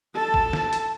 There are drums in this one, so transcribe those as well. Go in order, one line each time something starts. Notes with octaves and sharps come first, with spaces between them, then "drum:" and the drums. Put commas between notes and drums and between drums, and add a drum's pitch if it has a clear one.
A4 A5
drum: kick
drum: snare
drum: hi-hat